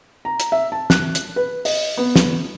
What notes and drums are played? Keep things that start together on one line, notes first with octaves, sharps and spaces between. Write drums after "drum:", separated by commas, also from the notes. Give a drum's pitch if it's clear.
A#5
drum: hi-hat
E5
A5
F#6, drum: snare
drum: hi-hat
B4
D#5, drum: open hi-hat
B3
drum: snare